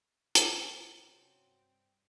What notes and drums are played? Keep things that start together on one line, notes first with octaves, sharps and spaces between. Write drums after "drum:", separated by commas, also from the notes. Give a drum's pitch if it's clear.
drum: hi-hat
C3 F#3 C4 C#4
G2